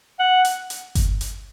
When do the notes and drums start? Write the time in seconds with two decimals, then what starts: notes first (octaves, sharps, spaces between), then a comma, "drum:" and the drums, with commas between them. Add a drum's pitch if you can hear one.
0.19 F#5
0.45 drum: hi-hat
0.70 drum: hi-hat
0.95 drum: kick G1, hi-hat
1.21 drum: hi-hat